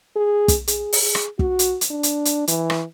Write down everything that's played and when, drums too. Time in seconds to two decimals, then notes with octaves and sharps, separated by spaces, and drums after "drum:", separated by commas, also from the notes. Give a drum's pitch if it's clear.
0.16 G#4
0.48 drum: kick, hi-hat
0.67 G#4, drum: hi-hat
0.93 drum: open hi-hat
1.02 G#4
1.15 drum: rim click
1.39 F#4, drum: kick
1.59 drum: hi-hat
1.81 drum: hi-hat
1.90 D4
2.03 drum: hi-hat
2.25 drum: hi-hat
2.47 E3, drum: hi-hat
2.70 drum: rim click